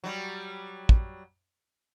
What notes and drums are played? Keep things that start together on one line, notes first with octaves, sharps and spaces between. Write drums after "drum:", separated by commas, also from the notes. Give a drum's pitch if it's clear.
F#3 G3
drum: kick